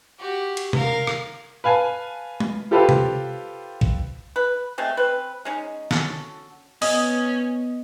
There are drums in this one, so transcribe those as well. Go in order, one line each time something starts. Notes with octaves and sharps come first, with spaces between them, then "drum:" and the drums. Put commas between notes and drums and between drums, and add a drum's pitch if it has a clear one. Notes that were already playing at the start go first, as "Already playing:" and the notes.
F#4 G4
drum: cymbal
A#4 F5, drum: tom C3
drum: rim click
B4 F5 G#5 A5
drum: tom G#3
F4 G4 A4 B4 C5 F5
drum: tom C3
drum: kick
B4
G#3 A3 C4
C4 B4
G#3 C#4 D#4
C#4 D4 F#4 A4, drum: snare
B3 C#4 D#5 D#6, drum: open hi-hat